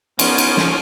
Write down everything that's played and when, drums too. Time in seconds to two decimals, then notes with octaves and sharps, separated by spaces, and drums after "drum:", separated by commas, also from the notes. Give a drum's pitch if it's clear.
0.19 F3 B3 C#4 A#4 C#5 C6, drum: cymbal
0.38 drum: cymbal
0.57 drum: snare